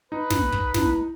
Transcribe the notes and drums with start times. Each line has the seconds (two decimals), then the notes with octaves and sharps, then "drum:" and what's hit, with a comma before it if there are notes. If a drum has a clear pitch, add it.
0.12 D#4 B4
0.30 drum: snare
0.52 drum: kick
0.74 E4, drum: snare